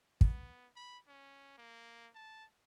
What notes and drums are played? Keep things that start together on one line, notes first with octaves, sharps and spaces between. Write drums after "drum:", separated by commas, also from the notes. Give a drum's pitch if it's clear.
B3, drum: kick
B5
C#4
A#3
A5